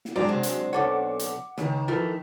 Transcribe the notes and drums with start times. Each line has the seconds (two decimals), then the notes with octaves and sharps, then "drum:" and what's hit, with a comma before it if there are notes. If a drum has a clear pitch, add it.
0.05 drum: snare
0.16 F#3 G#3 C4 D4 D5 A#5
0.29 C3
0.43 drum: hi-hat
0.73 B1 A4 C#5 F#5 D6
1.19 drum: hi-hat
1.58 C#2 D#3, drum: snare
1.88 E3 F3 A3 A#4